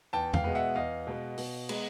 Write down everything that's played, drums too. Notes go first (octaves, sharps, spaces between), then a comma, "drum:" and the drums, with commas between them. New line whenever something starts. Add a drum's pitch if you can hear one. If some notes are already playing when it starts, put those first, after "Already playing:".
E2 G5 A5
F5 G5, drum: tom E2
B2 G#3 B3
E5 F#5
E2 D#5 F5
B2 G#3 B3
B2, drum: open hi-hat
G#3 B3, drum: cymbal